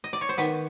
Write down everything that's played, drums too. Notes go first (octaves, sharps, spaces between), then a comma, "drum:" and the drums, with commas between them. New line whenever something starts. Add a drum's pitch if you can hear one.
D#5
D5
C#5
C5
D#3 B3 B4, drum: hi-hat